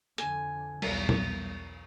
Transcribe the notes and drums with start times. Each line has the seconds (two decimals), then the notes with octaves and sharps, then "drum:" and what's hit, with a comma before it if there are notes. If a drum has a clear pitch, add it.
0.18 F2 D3 G#5, drum: hi-hat
0.82 B1 E2 G3, drum: cymbal
1.09 drum: tom A#2